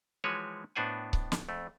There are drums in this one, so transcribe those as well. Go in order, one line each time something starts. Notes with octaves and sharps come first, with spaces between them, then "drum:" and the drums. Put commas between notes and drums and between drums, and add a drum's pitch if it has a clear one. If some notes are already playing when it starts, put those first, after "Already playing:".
E3 F3 G#3 F#4 B4 C#5
A2 B3 D4 C5 F#5 G#5
drum: kick C#1
drum: snare
F2 A3